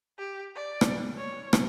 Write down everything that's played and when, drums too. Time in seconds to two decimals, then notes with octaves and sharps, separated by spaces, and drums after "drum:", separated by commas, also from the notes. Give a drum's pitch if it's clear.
0.18 G4
0.56 D5
0.81 drum: rim click
1.17 C#5
1.53 drum: rim click